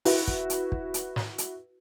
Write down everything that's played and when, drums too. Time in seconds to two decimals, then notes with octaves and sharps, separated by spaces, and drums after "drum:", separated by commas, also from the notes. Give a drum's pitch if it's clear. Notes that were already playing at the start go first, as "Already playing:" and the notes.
0.05 E4 F#4 B4, drum: open hi-hat
0.27 drum: kick
0.50 drum: hi-hat
0.72 drum: kick
0.94 drum: hi-hat
1.16 drum: snare
1.38 drum: hi-hat